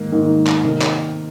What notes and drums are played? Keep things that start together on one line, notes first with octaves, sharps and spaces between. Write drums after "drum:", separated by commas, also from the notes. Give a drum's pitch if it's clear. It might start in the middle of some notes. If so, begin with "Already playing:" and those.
Already playing: G#2 D#3 A#3
G#2 D#3 A#3
drum: clap
C3 D#3 A#3 D#4 A#4
drum: clap